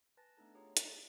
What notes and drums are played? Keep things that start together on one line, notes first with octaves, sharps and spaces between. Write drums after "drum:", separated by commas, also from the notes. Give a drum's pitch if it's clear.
B4 G#5 A5 A6 A#6
A3 B3 D4 D#4 A4
F4 G4 G#4 C#5 A#5
G4, drum: hi-hat